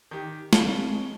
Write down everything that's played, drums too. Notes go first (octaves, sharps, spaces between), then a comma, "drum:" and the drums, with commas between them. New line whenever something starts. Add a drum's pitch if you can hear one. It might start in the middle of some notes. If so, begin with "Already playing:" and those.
D#3 G4
G#3 C4 C#4 F4 C#5 A5 G7, drum: snare